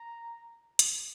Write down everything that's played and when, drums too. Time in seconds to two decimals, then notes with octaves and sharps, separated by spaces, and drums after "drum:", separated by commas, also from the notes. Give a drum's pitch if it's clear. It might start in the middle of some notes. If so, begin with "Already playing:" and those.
Already playing: A#5
0.79 drum: hi-hat